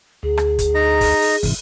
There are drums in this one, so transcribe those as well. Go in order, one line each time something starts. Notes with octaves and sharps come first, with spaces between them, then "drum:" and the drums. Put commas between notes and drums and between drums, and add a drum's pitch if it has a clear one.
D2 G#4
drum: rim click
drum: kick, hi-hat
D#4 A#5
drum: kick, open hi-hat
drum: open hi-hat
G#2 C3 E3, drum: kick, open hi-hat